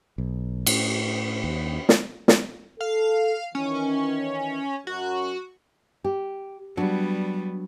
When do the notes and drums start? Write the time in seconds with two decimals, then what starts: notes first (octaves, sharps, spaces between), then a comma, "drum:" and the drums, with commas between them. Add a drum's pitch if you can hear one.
0.18 B1
0.67 A2, drum: cymbal
1.44 D#2
1.89 drum: snare
2.28 drum: snare
2.80 A4 F5
3.55 D#3 E3 C#4
4.87 F#2 F#4
6.04 G4
6.77 F#3 G3 B3 D4